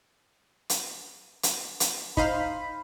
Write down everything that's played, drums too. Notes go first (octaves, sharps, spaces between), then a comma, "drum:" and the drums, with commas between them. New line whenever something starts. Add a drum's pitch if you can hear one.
drum: hi-hat
drum: hi-hat
drum: hi-hat
D#4 C5 F5 B5, drum: kick